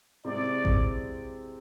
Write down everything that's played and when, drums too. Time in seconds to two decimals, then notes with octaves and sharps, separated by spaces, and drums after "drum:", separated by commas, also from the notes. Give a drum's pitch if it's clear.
0.25 C3 G#3 C4 E4 D5
0.65 drum: kick A1